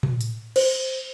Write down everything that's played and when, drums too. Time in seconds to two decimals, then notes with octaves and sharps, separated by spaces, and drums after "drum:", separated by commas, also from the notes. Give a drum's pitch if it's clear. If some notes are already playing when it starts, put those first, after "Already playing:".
0.03 drum: tom A2
0.21 drum: hi-hat
0.56 C5, drum: cymbal